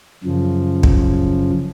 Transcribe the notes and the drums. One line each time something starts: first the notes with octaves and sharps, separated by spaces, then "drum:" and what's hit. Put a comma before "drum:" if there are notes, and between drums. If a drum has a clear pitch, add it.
F#2 C#3 F3
drum: kick